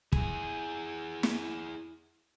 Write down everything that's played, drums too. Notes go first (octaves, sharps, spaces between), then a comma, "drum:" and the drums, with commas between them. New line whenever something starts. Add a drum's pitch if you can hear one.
E4 G#4, drum: kick
drum: snare